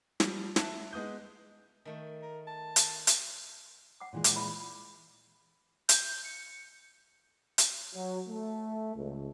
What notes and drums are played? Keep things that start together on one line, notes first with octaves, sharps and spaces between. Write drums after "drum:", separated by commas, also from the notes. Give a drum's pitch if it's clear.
F3 G3, drum: snare
E5 A5 F#6, drum: snare
G#3 B3 D#6 G6
D#3 A3 G5
A#4
A5
drum: hi-hat
drum: hi-hat
F#5 D6
A#2 E3 G#3
F#5 D6, drum: hi-hat
F4 E5 B5
G6, drum: hi-hat
C#7
drum: hi-hat
F#3
A3
C#2